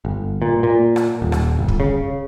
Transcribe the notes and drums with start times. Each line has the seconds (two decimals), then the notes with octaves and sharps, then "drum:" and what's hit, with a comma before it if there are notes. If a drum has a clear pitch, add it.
0.05 G1
0.42 A#2
0.63 A#2
0.96 drum: rim click
1.22 D#1
1.32 drum: rim click
1.59 G1
1.68 drum: kick
1.80 C#3